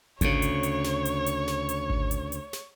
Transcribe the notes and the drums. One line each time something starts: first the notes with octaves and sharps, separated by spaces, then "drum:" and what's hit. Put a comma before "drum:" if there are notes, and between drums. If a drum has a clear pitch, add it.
D2 C#3 C#5, drum: kick G#1, hi-hat
drum: hi-hat
drum: hi-hat
drum: snare
drum: hi-hat
drum: hi-hat
drum: snare
drum: hi-hat
drum: kick G#1
drum: hi-hat
drum: hi-hat
drum: snare